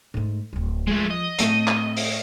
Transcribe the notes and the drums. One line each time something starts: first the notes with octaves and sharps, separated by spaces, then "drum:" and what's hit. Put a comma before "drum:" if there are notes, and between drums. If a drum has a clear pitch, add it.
G#2 A3
D1 B1
F3 G#3 A3
D#5
A2 A3 C4, drum: hi-hat
drum: clap
drum: open hi-hat